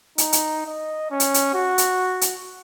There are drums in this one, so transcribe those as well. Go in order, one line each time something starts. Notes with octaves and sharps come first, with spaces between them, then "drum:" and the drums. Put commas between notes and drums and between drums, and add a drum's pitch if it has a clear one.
D#4, drum: hi-hat
drum: hi-hat
D#5
C#4
drum: hi-hat
drum: hi-hat
F#4
drum: hi-hat
drum: hi-hat